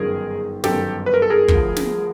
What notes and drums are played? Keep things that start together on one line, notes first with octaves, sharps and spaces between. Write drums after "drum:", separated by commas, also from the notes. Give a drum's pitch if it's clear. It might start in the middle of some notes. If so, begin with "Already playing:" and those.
Already playing: G1 F#2 D#3 G#4 A#4
G1 F#2 D#3 G4 A4, drum: snare
B4
A#4
A4
G#4 A#4
D2 D3 F3, drum: kick
drum: snare